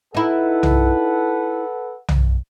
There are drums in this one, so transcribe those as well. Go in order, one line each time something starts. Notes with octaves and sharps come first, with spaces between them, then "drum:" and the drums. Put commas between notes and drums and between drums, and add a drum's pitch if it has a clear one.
D#4 E4 A4 B4 F#5
drum: tom
drum: tom